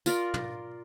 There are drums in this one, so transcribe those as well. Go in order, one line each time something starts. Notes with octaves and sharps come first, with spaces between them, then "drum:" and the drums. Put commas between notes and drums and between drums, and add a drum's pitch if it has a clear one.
F4 A#4 D5, drum: tambourine
drum: tom